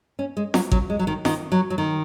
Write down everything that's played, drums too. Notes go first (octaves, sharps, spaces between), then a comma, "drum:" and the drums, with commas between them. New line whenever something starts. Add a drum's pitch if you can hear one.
C#4
G#3
F#3, drum: snare F4
F#3, drum: kick
G#3
F#3
D#3
D#3, drum: snare F4
F#3
F#3
D#3